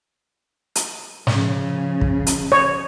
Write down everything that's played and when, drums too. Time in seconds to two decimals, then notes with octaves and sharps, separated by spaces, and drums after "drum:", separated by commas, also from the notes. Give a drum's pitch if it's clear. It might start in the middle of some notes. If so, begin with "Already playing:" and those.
0.75 drum: hi-hat
1.27 C#3 F3, drum: snare
2.01 drum: kick
2.27 drum: hi-hat
2.52 C#5